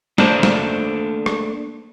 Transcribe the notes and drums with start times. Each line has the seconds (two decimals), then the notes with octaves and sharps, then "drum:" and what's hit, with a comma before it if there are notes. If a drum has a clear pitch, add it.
0.18 A3 A#3 D4 A4 C5 D5, drum: snare
0.43 drum: snare
1.26 drum: rim click